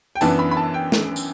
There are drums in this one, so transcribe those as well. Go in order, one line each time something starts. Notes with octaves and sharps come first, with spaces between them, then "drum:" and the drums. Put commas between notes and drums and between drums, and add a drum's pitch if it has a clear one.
G5
F#2 E3 B3 D4 A5, drum: tambourine
B5
B5
A5
G5
drum: snare
drum: tambourine